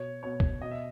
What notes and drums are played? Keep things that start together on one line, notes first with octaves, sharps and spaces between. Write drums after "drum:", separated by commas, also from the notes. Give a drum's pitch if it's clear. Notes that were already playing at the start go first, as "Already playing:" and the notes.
Already playing: B2 C#5
B2 C#5
drum: kick
B2 D#5
E5